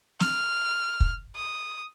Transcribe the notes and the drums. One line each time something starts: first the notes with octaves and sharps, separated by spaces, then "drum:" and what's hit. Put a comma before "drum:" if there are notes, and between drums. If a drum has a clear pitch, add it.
F6, drum: snare
drum: kick
D#6